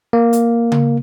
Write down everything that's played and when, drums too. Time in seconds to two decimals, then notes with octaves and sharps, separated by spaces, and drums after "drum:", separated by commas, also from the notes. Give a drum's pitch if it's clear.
0.13 A#3
0.33 drum: hi-hat
0.72 drum: tom C#3